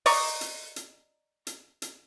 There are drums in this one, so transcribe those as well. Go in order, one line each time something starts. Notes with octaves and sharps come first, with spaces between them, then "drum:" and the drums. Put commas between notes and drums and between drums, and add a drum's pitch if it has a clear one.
D5 D#5 A#5 C#6, drum: open hi-hat
drum: hi-hat
drum: hi-hat
drum: hi-hat
drum: hi-hat